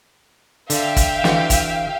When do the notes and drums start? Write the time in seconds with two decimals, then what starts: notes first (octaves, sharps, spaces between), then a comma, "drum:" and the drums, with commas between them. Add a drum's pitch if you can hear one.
0.70 D3 E5 F5 G5, drum: hi-hat
0.96 drum: kick, hi-hat
1.24 D3 E3 F#4, drum: snare
1.50 drum: kick, hi-hat